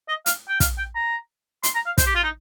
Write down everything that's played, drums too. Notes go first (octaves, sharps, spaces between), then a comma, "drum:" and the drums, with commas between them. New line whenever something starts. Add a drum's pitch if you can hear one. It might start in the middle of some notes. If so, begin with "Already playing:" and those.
D#5
F5, drum: hi-hat
G5
F5, drum: kick, hi-hat
G5
A#5
C6, drum: hi-hat
A#5
F5
C5, drum: kick, hi-hat
G4
F4
D#4